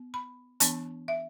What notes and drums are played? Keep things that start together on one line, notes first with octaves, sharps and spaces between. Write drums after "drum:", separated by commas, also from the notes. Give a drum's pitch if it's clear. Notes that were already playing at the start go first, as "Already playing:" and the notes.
Already playing: B3
B5
E3 B3 D4 A5, drum: hi-hat
E5